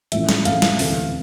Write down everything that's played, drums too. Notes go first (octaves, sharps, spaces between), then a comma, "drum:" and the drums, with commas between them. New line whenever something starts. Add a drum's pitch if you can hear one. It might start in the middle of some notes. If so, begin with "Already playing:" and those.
A1 A2 F3 E5, drum: hi-hat
drum: snare
A1 A2 F3 F5, drum: hi-hat
drum: snare
E1 D2 C3 E3, drum: open hi-hat